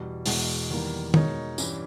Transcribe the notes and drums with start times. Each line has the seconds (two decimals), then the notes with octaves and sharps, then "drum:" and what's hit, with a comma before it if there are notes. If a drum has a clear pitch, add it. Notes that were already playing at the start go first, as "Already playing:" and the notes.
Already playing: E2 B2 G3
0.26 E2 B2 G#3, drum: open hi-hat
0.71 E2 D#3 G3 A#3
1.14 B2 G#3 D#4 A#4 C#5, drum: tom
1.58 G2 E3 G3 C#4 G4, drum: tambourine